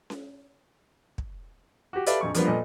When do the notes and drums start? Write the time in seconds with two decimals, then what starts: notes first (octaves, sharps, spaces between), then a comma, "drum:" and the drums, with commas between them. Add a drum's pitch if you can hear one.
0.10 drum: snare C#4
1.18 drum: kick
1.93 F#4 G4
2.06 G4 A4 B4 D5 E5 F5, drum: hi-hat
2.21 A#1 F2 C#6
2.34 F3 G3 A#3 B3 D4 F4, drum: hi-hat
2.46 A#2 A4 B4 D#5